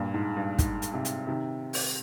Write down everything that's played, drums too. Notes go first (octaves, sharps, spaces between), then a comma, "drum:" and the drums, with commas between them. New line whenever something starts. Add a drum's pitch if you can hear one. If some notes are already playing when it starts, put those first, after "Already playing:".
Already playing: G2 A#2
G#2
G2
G#2, drum: kick, hi-hat
drum: hi-hat
G#2 C3
drum: hi-hat
C3 D#3
drum: open hi-hat